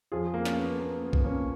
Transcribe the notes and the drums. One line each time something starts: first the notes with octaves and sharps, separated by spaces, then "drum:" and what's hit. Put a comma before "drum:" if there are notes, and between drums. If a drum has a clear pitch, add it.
F2 F3 F4 G#4
A#3
C#4, drum: snare
B3
B3
A#3
B3
drum: kick
A#3 C#4